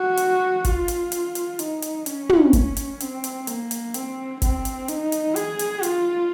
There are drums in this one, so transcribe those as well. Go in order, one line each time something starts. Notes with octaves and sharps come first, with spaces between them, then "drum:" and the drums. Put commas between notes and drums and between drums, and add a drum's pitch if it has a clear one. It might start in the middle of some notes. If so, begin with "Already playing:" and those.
Already playing: F#4
drum: hi-hat
F4, drum: kick G1, hi-hat
drum: hi-hat
drum: hi-hat
drum: hi-hat
D#4, drum: hi-hat
drum: hi-hat
C#4, drum: hi-hat
drum: tom
drum: kick G1, hi-hat
drum: hi-hat
C4, drum: hi-hat
drum: hi-hat
A#3, drum: hi-hat
drum: hi-hat
C4, drum: hi-hat
C4, drum: kick G1, hi-hat
drum: hi-hat
D#4, drum: hi-hat
drum: hi-hat
G#4, drum: hi-hat
drum: hi-hat
F4, drum: hi-hat